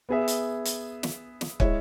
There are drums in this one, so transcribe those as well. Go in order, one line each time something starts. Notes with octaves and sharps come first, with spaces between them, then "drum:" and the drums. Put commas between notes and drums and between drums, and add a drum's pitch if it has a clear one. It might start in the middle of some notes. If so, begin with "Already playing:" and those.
B3 G#4 E5
drum: hi-hat
drum: hi-hat
drum: snare
drum: snare
G#3 E4 C#5 E5, drum: kick